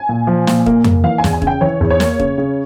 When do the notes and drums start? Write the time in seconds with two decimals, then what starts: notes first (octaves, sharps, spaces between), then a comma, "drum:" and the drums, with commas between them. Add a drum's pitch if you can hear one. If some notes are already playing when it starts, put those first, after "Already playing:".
Already playing: G#5
0.09 A#2
0.27 F3
0.47 A#2, drum: snare
0.66 A#3, drum: kick
0.84 A#3, drum: tom F2
1.03 E3 F5
1.18 G#5
1.24 E2, drum: snare
1.33 G#5
1.42 C#3, drum: kick
1.47 G5
1.61 E3 C#5
1.81 E2
1.90 C#5
2.00 A#3, drum: snare
2.20 C#3, drum: kick
2.38 C#3